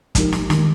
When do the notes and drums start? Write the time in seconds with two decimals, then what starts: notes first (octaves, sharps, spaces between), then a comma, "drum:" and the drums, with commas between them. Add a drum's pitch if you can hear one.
0.15 F3 G#3 D#4 G4 A#4, drum: kick, hi-hat
0.32 drum: snare
0.50 D#3 G#3 D#4, drum: snare